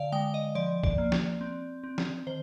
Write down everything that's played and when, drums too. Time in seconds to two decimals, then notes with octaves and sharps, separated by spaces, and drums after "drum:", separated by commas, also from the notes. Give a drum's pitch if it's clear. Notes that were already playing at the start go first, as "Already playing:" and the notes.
Already playing: D3 D5 F5
0.12 G#3 G5
0.34 D#5
0.55 F3 D5
0.84 D5, drum: kick C2
0.98 A#3
1.12 D5, drum: snare
1.41 C4
1.84 C4
1.98 drum: snare
2.27 D#3 C5